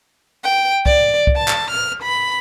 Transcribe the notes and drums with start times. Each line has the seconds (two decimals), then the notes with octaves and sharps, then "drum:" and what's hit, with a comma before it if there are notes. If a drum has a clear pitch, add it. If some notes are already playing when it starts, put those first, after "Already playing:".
0.44 G5
0.86 D5, drum: kick C2
1.27 drum: kick C2
1.36 A5
1.48 drum: clap
1.71 F6
2.03 B5